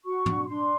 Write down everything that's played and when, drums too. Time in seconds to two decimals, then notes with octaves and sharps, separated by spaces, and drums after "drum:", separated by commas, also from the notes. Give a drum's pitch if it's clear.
0.05 F#4 C#6
0.26 D4, drum: tom
0.48 D4 C6